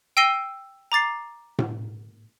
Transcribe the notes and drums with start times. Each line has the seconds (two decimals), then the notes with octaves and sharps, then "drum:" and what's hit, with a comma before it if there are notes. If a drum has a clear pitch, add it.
0.17 G5 E6 A#6 C7 D#7 G7
0.92 A#5 D6 A6 C7
1.59 drum: tom A2